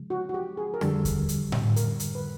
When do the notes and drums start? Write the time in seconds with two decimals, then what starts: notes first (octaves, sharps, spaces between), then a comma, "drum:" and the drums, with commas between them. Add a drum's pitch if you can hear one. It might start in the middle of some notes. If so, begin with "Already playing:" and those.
Already playing: C#3 F3 G#3
0.10 F#4
0.29 F#4
0.34 G4
0.57 G#4
0.74 A#4
0.81 F2 D3 G3 A4, drum: rim click
1.05 drum: kick D#2, hi-hat
1.29 drum: hi-hat
1.52 drum: tom A2
1.76 A#4, drum: hi-hat
2.00 drum: hi-hat
2.15 B4